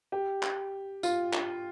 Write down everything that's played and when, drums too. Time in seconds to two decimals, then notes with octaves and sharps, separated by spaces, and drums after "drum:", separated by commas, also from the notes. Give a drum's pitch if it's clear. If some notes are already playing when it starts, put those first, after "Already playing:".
0.12 G4
0.43 drum: clap
1.03 F4, drum: tambourine
1.33 drum: clap